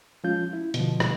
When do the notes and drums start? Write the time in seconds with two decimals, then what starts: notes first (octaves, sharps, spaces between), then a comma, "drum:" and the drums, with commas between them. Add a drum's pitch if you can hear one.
0.24 F3 G#3 C#4 F4 G6
0.53 E4
0.74 B2 D3 F3, drum: hi-hat
1.00 drum: rim click